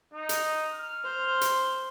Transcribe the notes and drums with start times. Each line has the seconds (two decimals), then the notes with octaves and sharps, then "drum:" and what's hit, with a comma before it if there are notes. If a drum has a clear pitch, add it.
0.14 D#4
0.29 drum: hi-hat
0.72 F6
1.04 C5
1.41 drum: hi-hat